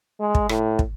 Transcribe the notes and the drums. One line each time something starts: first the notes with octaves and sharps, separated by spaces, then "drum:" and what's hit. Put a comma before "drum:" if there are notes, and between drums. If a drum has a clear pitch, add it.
G#3
drum: kick
A2, drum: rim click
drum: kick